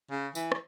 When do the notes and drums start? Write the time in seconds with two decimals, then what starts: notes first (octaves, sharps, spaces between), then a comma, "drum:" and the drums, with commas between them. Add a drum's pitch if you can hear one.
0.11 C#3
0.35 E3, drum: tambourine
0.52 drum: rim click